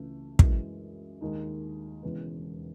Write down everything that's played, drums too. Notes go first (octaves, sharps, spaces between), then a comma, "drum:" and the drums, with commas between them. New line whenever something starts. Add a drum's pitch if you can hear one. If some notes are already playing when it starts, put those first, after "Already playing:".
Already playing: C#2 C#3 E3 A3
F#2 E3 G#3, drum: kick
D#2 D#3 G#3 D#4
E1 E2 C#3 G#3 B3